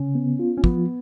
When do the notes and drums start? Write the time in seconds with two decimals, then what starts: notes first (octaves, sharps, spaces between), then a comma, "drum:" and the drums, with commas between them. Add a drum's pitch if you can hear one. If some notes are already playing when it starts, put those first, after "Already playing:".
Already playing: C#3 C#4
0.15 B3
0.39 F4
0.57 C#4
0.64 F3 B3, drum: kick